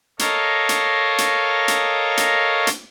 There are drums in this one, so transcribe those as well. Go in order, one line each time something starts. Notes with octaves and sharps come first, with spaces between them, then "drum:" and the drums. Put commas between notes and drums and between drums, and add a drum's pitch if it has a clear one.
A4 A#4 C#5 D#5 F5 A#5, drum: hi-hat
drum: hi-hat
drum: hi-hat
drum: hi-hat
drum: hi-hat
drum: hi-hat